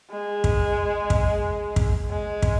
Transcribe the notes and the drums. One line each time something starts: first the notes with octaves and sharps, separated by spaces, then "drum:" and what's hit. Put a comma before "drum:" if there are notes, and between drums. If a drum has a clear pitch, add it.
G#3
drum: kick
drum: kick
drum: kick
G#3
drum: kick